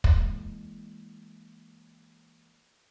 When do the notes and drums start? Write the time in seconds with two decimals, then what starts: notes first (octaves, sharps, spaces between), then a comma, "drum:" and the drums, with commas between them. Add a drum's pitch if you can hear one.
0.04 E3 G#3 A#3, drum: kick